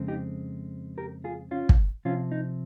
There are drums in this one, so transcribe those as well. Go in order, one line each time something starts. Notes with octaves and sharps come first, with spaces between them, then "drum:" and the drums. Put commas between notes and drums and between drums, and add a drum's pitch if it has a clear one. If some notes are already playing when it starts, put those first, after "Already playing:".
Already playing: F2 C#3 G#3 C4
D#4 G4
G4 A#4
F4 G#4
C#4 F4
drum: kick
C3 F3 C4 C#4 F4
D#4